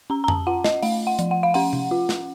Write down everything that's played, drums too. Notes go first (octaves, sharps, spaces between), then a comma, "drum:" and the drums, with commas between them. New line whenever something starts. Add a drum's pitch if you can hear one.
C#4 A#5
A#5
A5, drum: tom F2
F4 F#5
D#5, drum: snare
A3 F5, drum: open hi-hat
F#5
F3, drum: hi-hat
F#5
F5
C#4 F#5, drum: open hi-hat
drum: tom C3
F4
drum: snare